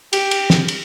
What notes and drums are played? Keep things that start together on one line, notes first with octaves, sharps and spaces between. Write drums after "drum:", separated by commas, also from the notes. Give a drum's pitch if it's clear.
G4, drum: cymbal
drum: cymbal
drum: snare
drum: cymbal